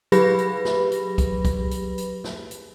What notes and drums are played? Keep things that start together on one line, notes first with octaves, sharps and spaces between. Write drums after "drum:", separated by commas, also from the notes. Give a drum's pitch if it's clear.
F#3 G4 G#4 B4 B5 A#6, drum: hi-hat
drum: hi-hat
drum: snare
drum: hi-hat
drum: kick C2, hi-hat
drum: kick C2, hi-hat
drum: hi-hat
drum: hi-hat
drum: snare
drum: hi-hat